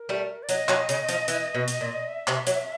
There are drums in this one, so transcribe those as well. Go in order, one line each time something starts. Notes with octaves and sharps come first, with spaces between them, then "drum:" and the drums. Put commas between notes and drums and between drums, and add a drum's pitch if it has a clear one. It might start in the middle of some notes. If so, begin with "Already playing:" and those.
Already playing: A#4
G3 A3
D5
F#3 D#5, drum: hi-hat
F#3, drum: clap
C#3, drum: hi-hat
F3, drum: hi-hat
E3, drum: hi-hat
B2
drum: hi-hat
A#2
E5
C3, drum: clap
F#3, drum: hi-hat